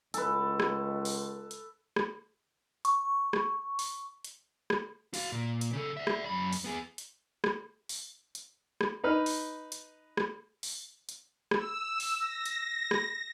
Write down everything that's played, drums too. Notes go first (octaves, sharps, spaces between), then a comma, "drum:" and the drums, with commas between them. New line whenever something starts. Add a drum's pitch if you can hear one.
C#2 A4 B4, drum: hi-hat
drum: rim click
drum: open hi-hat
drum: hi-hat
drum: rim click
C#6, drum: hi-hat
drum: rim click
drum: open hi-hat
drum: hi-hat
drum: rim click
F#4 F5, drum: open hi-hat
A#2
drum: hi-hat
C#3 A4
D5 E5
drum: rim click
F#2 B5
drum: open hi-hat
B3 G#4
drum: hi-hat
drum: rim click
drum: open hi-hat
drum: hi-hat
drum: rim click
D#4 B4 F6
drum: open hi-hat
drum: hi-hat
drum: rim click
drum: open hi-hat
drum: hi-hat
E6, drum: rim click
drum: open hi-hat
A#6
drum: hi-hat
drum: rim click